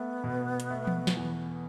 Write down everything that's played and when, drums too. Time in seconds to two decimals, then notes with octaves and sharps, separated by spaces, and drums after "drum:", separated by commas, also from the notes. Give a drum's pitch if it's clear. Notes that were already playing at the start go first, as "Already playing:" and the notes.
Already playing: A3 B3
0.24 B2
0.60 drum: hi-hat
0.70 A3
0.87 drum: tom E3
1.07 drum: snare
1.17 E2